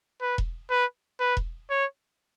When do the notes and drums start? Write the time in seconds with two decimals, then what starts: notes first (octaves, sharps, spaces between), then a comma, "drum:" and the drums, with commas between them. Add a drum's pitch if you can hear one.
0.22 B4
0.38 drum: kick E1
0.70 B4
1.20 B4
1.37 drum: kick E1
1.70 C#5